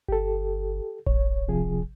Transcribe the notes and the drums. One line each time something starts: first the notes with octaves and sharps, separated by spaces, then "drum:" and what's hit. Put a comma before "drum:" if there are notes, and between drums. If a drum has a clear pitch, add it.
G1 G4 A4
D1 C#5, drum: kick A1
C3 F3 G#4